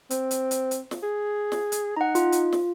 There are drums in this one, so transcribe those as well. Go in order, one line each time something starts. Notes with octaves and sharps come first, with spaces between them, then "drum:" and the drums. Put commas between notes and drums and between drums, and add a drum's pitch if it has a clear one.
C4, drum: hi-hat
drum: hi-hat
drum: hi-hat
drum: hi-hat
drum: snare
G#4
drum: snare
drum: hi-hat
D#4 F#5 A#5
F4, drum: hi-hat
drum: hi-hat
drum: snare